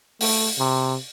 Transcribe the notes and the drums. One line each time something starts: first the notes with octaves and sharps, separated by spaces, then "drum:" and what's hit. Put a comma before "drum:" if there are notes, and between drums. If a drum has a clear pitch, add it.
A3, drum: open hi-hat
C3